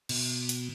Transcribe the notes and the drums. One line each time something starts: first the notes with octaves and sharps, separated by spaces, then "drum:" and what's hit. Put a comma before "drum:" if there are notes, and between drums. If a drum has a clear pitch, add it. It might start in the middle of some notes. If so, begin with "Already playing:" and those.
B2, drum: cymbal
drum: hi-hat